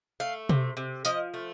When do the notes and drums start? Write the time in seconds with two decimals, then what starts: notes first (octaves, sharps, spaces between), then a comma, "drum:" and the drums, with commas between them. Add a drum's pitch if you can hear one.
0.20 A3 F5
0.49 C3, drum: tom
0.77 C3
1.05 F3 D#5, drum: tambourine
1.34 A3